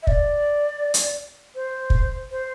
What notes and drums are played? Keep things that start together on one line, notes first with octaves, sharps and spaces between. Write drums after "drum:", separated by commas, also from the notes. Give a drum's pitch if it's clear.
E5
D5, drum: kick
drum: hi-hat
C5
drum: kick
C5